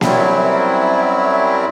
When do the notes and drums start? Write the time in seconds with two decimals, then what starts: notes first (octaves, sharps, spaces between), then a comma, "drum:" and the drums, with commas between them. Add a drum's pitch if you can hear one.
0.01 F#2 F#3 G3 C4 E4, drum: snare A#3